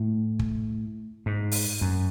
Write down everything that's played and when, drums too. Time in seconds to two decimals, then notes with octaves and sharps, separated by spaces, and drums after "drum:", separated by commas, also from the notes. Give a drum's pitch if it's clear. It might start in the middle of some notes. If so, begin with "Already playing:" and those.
Already playing: A2
0.39 drum: kick
1.26 G#2
1.52 drum: open hi-hat
1.81 F#2